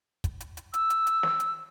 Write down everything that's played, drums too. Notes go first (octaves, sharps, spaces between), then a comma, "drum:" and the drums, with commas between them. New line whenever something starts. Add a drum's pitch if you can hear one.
drum: kick, hi-hat
drum: hi-hat
drum: hi-hat
E6, drum: hi-hat
drum: hi-hat
drum: hi-hat
drum: snare
drum: hi-hat